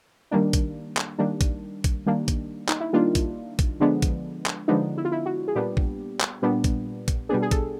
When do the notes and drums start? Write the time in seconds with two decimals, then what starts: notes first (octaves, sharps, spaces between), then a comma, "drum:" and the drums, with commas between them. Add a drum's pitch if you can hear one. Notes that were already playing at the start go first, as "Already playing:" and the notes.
0.31 D#3 G3 A#3 D4
0.53 drum: kick, hi-hat
0.97 drum: clap
1.19 D#3 G3 A#3 D4
1.41 drum: kick, hi-hat
1.84 drum: kick, hi-hat
2.06 D#3 G3 A#3 D4
2.28 drum: kick, hi-hat
2.69 D#4, drum: clap
2.80 E4
2.93 D#3 G3 A#3 D4 F4
3.15 drum: kick, hi-hat
3.59 drum: kick, hi-hat
3.80 D3 F3 G#3 B3 D4
4.02 drum: kick, hi-hat
4.46 drum: clap
4.68 D3 F3 G#3 B3 D4 D#4
4.97 E4
5.05 F4
5.12 E4
5.26 F#4
5.48 G#4
5.55 A#2 G3 B3 D4 G4
5.77 drum: kick
6.21 drum: clap
6.42 A#2 G3 B3 D4
6.64 drum: kick, hi-hat
7.08 drum: kick, hi-hat
7.29 B2 G3 B3 D4 G#4
7.42 G#4
7.51 A4, drum: kick, hi-hat